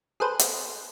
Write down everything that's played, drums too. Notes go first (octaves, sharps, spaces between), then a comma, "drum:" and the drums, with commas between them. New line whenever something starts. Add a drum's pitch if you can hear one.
G#4 A4 B4 C5
drum: hi-hat